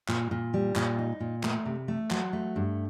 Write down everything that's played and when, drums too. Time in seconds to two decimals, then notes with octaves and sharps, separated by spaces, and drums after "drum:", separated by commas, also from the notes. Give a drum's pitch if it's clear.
0.09 A#2, drum: clap
0.31 A#2
0.54 G3
0.76 A#2, drum: clap
0.99 D#4
1.20 A#2
1.43 A3, drum: clap
1.66 C3
1.88 A3
2.11 F#3, drum: clap
2.33 A3
2.56 G2